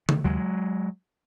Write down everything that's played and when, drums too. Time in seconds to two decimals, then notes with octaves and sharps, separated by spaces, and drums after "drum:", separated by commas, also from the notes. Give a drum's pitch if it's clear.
0.09 D#3, drum: tom C#3
0.24 D#2 F#3 G#3